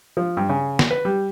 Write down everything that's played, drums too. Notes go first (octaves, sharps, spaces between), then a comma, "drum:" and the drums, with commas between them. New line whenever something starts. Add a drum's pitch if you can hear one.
F3
G2
C#3
drum: snare
B4
G3